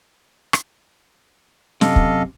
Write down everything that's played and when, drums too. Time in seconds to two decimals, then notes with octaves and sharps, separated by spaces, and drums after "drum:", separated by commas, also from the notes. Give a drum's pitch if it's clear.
0.53 drum: rim click
1.81 F#2 A2 C3 A4 D#5 F5, drum: snare
1.96 drum: kick